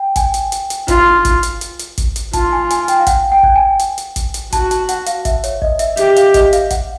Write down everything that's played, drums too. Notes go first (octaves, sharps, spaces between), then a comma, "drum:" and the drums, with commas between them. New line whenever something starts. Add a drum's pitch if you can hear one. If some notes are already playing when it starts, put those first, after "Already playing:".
Already playing: G5
G#5, drum: kick, hi-hat
drum: hi-hat
drum: hi-hat
drum: hi-hat
F4, drum: kick, hi-hat
drum: kick, hi-hat
drum: hi-hat
drum: hi-hat
drum: hi-hat
drum: kick, hi-hat
drum: hi-hat
F4 A5, drum: kick, hi-hat
G#5
G#5, drum: hi-hat
G5, drum: hi-hat
F5
F#5, drum: kick, hi-hat
G5
drum: kick
G#5
drum: hi-hat
drum: hi-hat
drum: kick, hi-hat
drum: hi-hat
F#4 A5, drum: kick, hi-hat
A5, drum: hi-hat
F#5, drum: hi-hat
F5, drum: hi-hat
E5, drum: kick, hi-hat
C#5, drum: hi-hat
D#5, drum: kick
E5, drum: hi-hat
G4 E5, drum: hi-hat
F5, drum: hi-hat
D#5, drum: kick, hi-hat
F5, drum: hi-hat
F#5, drum: kick, hi-hat